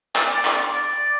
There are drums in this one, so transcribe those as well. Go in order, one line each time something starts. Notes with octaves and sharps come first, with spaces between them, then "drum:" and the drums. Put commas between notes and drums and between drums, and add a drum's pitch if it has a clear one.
D5, drum: clap
D5
drum: clap
D5
D5